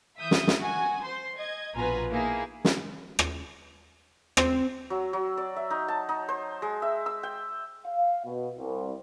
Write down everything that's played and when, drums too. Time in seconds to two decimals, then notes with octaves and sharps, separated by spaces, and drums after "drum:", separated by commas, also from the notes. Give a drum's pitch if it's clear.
0.18 E3 E5 D#6 G6
0.31 drum: snare
0.47 drum: snare
0.59 F#4 G#5
1.01 C5 C6
1.37 D#5 G#6
1.75 A#1 B2 F4 B4 G#5 A#5
2.12 A#3 D#4 E4 G#4
2.65 drum: snare
3.19 drum: rim click
4.37 C4, drum: rim click
4.90 F#3
5.13 F#3
5.37 D5
5.56 E5
5.70 D#4
5.88 A5
6.09 D#4
6.29 C5
6.62 G#3
6.82 E5
7.06 E6
7.23 G5
7.86 F5
8.26 B2
8.57 C2